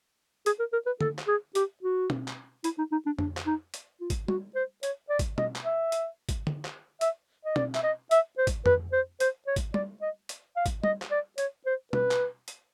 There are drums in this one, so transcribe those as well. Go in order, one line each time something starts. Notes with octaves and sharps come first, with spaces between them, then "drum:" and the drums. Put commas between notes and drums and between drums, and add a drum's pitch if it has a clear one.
G#4, drum: hi-hat
A#4
A#4
B4
A4, drum: tom
drum: clap
G#4
G4, drum: hi-hat
F#4
drum: tom
drum: clap
E4, drum: hi-hat
D#4
D#4
D4
D4, drum: tom F2
drum: clap
D#4
drum: hi-hat
F4
drum: kick G#1, hi-hat
F#4, drum: tom G3
C5
C#5, drum: hi-hat
D5
drum: kick G#1, hi-hat
D#5, drum: tom
drum: clap
E5
drum: hi-hat
drum: kick G#1, hi-hat
drum: tom
drum: clap
E5, drum: hi-hat
D#5
D5, drum: tom
E5, drum: clap
D#5
E5, drum: hi-hat
C5
drum: kick G#1, hi-hat
B4, drum: tom F2
C5
C5, drum: hi-hat
C#5
drum: kick G#1, hi-hat
D5, drum: tom G3
D#5
drum: hi-hat
F5
drum: kick G#1, hi-hat
D#5, drum: tom G3
drum: clap
D5
C#5, drum: hi-hat
C5
B4, drum: tom
drum: clap
drum: hi-hat